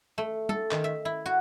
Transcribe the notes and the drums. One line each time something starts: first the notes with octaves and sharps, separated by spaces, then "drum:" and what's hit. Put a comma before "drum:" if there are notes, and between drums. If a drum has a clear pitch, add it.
A3
A4, drum: tom
D#3, drum: clap
E5
E4
F#4